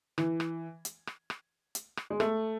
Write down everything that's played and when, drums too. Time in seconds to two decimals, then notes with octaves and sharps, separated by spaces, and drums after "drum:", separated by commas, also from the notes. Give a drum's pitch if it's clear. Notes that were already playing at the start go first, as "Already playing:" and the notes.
0.18 E3, drum: rim click
0.40 drum: rim click
0.85 drum: hi-hat
1.07 drum: rim click
1.30 drum: rim click
1.75 drum: hi-hat
1.97 drum: rim click
2.10 G#3
2.20 A3, drum: rim click